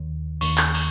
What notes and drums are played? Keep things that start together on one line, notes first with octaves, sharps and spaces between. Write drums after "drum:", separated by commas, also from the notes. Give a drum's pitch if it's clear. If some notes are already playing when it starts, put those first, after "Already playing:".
Already playing: D#2 D#3
D#2 D#3 C#6, drum: cymbal
drum: clap
drum: cymbal